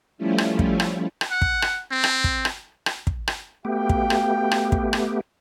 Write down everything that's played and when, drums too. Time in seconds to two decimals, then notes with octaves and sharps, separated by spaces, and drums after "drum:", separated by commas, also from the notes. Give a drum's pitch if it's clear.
0.18 F3 G3 A3 C#4 E4 F4
0.38 drum: rim click
0.59 drum: kick
0.80 drum: rim click
1.21 drum: rim click
1.31 F#5
1.42 drum: kick
1.62 drum: rim click
1.91 C4
2.04 drum: rim click
2.24 drum: kick
2.45 drum: rim click
2.86 drum: rim click
3.07 drum: kick
3.28 drum: rim click
3.65 A3 B3 F#4 G4 F5 G5
3.89 drum: kick
4.10 drum: rim click
4.51 drum: rim click
4.72 drum: kick
4.93 drum: rim click